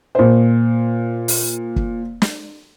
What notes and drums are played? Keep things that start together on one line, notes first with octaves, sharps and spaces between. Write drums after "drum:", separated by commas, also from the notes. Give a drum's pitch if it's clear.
A#2 C5
drum: open hi-hat
drum: kick
drum: snare